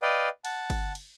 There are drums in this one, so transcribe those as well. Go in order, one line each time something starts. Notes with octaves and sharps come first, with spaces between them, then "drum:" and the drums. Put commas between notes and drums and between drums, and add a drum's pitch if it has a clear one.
B4 D5 D#5 F5 G5
F#5 A5, drum: cymbal
drum: kick G1, cymbal
drum: cymbal